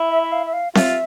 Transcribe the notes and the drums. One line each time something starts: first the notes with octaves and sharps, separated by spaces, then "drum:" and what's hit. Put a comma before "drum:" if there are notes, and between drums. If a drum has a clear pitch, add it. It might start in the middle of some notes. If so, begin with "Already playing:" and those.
Already playing: E4
E5
E5
F5
E5
F5
F4 E5, drum: snare C4